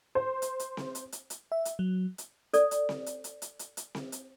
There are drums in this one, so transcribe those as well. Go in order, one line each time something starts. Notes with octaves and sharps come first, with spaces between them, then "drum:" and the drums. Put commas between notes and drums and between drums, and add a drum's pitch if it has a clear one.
C5
drum: hi-hat
drum: hi-hat
drum: snare C4
drum: hi-hat
drum: hi-hat
drum: hi-hat
E5
drum: hi-hat
F#3
drum: hi-hat
A4 D5, drum: hi-hat
drum: hi-hat
drum: snare C4
drum: hi-hat
drum: hi-hat
drum: hi-hat
drum: hi-hat
drum: hi-hat
drum: snare C4
drum: hi-hat